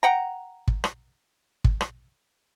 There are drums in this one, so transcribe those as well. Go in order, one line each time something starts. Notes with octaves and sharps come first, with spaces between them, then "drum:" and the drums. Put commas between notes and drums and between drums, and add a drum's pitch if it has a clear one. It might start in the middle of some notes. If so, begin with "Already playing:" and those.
F#5 G5 A#5
drum: kick
drum: rim click
drum: kick
drum: rim click